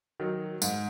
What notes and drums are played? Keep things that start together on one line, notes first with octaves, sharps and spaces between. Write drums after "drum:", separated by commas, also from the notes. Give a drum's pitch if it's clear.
D#3 F#3
G#2, drum: tambourine